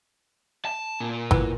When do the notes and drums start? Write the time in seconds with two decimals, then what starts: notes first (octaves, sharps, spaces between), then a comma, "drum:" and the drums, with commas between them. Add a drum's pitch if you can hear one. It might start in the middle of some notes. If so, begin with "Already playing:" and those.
0.65 A5
1.00 A#2
1.31 E3 B3, drum: kick G#1